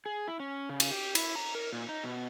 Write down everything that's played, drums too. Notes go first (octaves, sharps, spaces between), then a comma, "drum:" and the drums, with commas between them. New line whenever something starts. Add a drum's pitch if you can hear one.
G#4
E4
C#4
C#3
drum: cymbal
G4
E4, drum: cymbal
A#5
A#4
A#2
D#4
B2